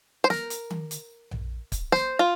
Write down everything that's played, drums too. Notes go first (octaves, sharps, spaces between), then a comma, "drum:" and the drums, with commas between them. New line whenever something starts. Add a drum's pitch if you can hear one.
C5
A#4, drum: snare
drum: hi-hat
drum: tom D#3
drum: hi-hat
drum: tom A#1
drum: kick, hi-hat
C5, drum: snare
F4